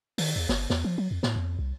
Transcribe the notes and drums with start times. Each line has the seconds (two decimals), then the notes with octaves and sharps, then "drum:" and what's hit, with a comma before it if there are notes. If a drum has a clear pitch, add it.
0.18 D#3, drum: open hi-hat
0.36 E2
0.49 G1, drum: snare
0.70 E2, drum: snare
0.85 F3
0.98 F#3
1.11 F2
1.23 A2, drum: snare
1.36 F2
1.59 C2